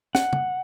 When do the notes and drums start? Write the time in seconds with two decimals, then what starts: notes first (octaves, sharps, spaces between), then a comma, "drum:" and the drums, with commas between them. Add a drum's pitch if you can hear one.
0.15 F#5, drum: snare
0.33 drum: tom